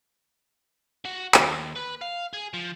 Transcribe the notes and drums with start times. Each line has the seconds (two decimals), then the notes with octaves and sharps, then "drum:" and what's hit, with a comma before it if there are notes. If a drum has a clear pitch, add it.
1.05 F#4
1.34 D#2, drum: clap
1.76 B4
2.02 F5
2.33 G#4
2.54 F3